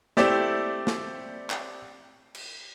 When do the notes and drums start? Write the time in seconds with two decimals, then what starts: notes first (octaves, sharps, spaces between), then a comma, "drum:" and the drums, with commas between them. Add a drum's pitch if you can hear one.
0.17 A3 C4 E4 G4 D5 E5, drum: snare
0.87 drum: snare
1.50 drum: clap
2.35 drum: cymbal